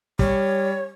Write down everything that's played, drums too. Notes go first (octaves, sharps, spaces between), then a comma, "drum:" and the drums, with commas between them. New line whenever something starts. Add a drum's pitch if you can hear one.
G3 C#5, drum: kick